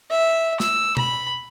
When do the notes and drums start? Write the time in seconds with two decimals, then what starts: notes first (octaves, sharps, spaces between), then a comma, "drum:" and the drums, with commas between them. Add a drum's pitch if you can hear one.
0.10 E5
0.60 E6, drum: snare
0.97 B5, drum: tom B2